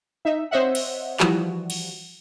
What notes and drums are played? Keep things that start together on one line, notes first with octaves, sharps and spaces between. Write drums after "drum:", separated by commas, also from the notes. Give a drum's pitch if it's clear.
D#4 E5
C4 C5 C#5 D#5 E5 F#5
drum: cymbal
E3 F3 G3 F#4, drum: clap
drum: cymbal